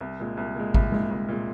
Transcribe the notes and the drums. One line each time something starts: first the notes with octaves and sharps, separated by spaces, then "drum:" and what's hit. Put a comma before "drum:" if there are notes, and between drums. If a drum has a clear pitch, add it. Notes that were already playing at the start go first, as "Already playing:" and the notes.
C2
A#2 G#3
C2
A#2 G#3
C2, drum: kick G#1
A#2 G#3, drum: tom G#3
C2
A#2 G#3